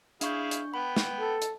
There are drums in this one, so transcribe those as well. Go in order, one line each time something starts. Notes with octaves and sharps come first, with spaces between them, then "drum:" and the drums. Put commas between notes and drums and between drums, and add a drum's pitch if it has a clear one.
D4 E4 G#4 F5 C#6 G6, drum: hi-hat
drum: hi-hat
B3 G5 B5
drum: snare
A4
drum: hi-hat